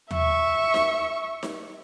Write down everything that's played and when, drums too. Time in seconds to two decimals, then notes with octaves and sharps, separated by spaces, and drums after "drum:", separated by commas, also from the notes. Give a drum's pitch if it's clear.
0.11 E5 C#6, drum: tom D#2
0.74 drum: snare D#4
1.43 drum: snare D#4